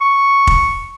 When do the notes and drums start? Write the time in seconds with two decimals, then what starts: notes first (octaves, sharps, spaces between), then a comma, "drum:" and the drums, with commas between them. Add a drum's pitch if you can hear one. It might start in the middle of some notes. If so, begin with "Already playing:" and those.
0.01 C#6
0.47 drum: kick F1